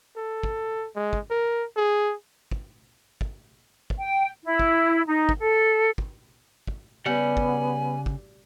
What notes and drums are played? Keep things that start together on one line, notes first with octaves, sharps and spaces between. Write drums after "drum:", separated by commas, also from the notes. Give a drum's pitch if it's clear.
A4
drum: kick
G#3
drum: kick
A#4
G#4
drum: kick
drum: kick
drum: kick
G5
E4
drum: kick
D#4
drum: kick
A4
drum: kick
drum: kick
C#3 G3 B3 F#5 G#5
drum: kick
drum: kick